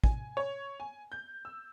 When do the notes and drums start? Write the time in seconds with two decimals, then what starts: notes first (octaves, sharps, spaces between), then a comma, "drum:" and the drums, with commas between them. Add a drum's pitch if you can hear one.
0.04 G#5, drum: kick
0.37 C#5
0.80 G#5
1.12 G6
1.45 E6